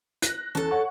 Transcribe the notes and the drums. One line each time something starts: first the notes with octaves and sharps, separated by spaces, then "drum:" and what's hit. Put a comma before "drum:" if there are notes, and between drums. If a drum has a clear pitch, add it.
F#6 A#6, drum: hi-hat
E2 C#4 A4 A5
C#5 F#5 C#6